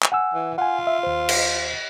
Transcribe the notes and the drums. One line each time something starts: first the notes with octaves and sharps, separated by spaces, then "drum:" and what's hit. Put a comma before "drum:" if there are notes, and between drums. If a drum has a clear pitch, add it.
drum: clap
F#5 G#5 E6
E3
F4 F#5 G#5
E5
D#2 C5
drum: cymbal